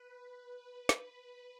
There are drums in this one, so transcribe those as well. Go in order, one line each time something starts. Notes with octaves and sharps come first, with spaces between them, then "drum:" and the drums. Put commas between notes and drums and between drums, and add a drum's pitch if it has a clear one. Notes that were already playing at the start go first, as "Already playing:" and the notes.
Already playing: B4
B4
drum: snare